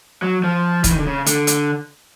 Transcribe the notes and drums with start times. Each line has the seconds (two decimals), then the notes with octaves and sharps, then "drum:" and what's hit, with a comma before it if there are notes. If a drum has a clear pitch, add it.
0.22 F#3
0.44 F3
0.84 E3, drum: kick, hi-hat
0.91 D#3
0.99 D3
1.06 C#3
1.26 D3, drum: hi-hat
1.47 drum: hi-hat